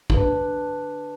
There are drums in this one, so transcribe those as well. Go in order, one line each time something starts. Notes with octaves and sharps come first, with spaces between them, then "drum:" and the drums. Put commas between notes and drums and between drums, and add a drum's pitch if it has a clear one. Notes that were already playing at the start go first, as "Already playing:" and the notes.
D4 B4, drum: kick